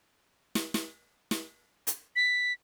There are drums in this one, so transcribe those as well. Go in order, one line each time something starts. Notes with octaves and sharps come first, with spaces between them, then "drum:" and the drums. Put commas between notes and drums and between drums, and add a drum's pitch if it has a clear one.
drum: snare
drum: snare
drum: snare
drum: hi-hat
B6